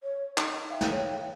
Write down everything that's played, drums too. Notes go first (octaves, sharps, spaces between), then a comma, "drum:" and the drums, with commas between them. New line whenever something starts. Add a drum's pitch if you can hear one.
C#5
D#4, drum: clap
E5 F5 G5
drum: snare
C#5